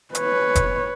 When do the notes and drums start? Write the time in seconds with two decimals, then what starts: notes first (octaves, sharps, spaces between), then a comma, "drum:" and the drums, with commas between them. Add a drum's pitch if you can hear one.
0.15 B4 C#5, drum: hi-hat
0.55 drum: kick F1, hi-hat